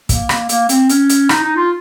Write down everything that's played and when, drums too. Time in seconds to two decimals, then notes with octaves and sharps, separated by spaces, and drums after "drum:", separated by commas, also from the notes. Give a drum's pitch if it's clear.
0.09 A#3, drum: kick, hi-hat
0.29 drum: rim click
0.49 A#3, drum: hi-hat
0.69 C4, drum: hi-hat
0.89 C#4, drum: hi-hat
1.10 drum: hi-hat
1.29 D#4, drum: rim click
1.43 D#4
1.56 F4